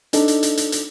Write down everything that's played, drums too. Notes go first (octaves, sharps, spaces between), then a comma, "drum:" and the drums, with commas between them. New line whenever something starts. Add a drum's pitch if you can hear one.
D4 D#4 A4, drum: hi-hat
drum: hi-hat
drum: hi-hat
drum: hi-hat
drum: hi-hat